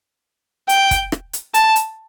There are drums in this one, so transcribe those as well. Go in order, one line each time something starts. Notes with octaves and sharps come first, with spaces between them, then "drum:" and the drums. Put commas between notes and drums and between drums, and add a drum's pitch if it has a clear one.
G5, drum: hi-hat
drum: kick, hi-hat
drum: rim click
drum: hi-hat
A5, drum: hi-hat
drum: hi-hat